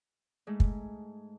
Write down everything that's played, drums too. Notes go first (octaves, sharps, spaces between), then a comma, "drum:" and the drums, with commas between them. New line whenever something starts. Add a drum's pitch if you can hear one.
G#2 G#3 A3
drum: kick